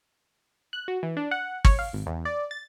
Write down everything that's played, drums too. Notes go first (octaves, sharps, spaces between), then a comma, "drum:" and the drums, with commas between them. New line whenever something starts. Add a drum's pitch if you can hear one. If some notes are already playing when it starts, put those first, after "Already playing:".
F#6
F#4
E3
D4
F#5
C#5, drum: kick G#1
F5
G#1
E2
D5
A6